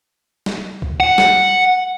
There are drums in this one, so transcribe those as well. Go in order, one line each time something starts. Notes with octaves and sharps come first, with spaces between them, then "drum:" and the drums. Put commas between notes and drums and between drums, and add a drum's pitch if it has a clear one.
drum: snare
drum: kick
F#5
drum: snare